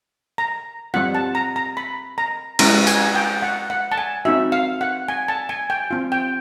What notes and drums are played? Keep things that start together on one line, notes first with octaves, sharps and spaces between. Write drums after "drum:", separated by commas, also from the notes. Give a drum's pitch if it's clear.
A#5
G3 C4 F4 F#5
A5
A#5
A#5
B5
A#5
G#3 C#4 E4 G4 A#5, drum: cymbal
G#5, drum: tambourine
G5
F#5
F#5
A5
G#5
C4 D#4 F#4 E5
F5
F#5
G#5
A5
G#5
G5
C4 F4
G5